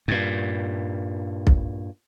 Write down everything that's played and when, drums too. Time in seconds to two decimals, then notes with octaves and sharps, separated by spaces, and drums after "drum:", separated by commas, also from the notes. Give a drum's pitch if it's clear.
0.08 G2 A#2
1.47 drum: kick B1